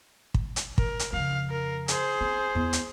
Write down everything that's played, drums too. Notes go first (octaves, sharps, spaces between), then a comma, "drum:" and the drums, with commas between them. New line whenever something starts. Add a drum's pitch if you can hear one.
drum: kick
drum: hi-hat
A#4, drum: kick
drum: hi-hat
F2 C#3 F5
A#4
G#4 C5, drum: hi-hat
C4
E2
drum: hi-hat